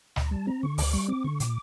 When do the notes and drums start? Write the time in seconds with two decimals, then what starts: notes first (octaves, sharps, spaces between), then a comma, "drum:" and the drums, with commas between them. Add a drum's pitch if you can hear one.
0.16 D2 A#5, drum: snare
0.31 G3 A5
0.47 C4 A#5
0.63 D3 C#6
0.78 D2 D6, drum: open hi-hat
0.93 G3 C#6
1.08 C4 D6
1.24 D3 C#6
1.40 A#2 D6, drum: hi-hat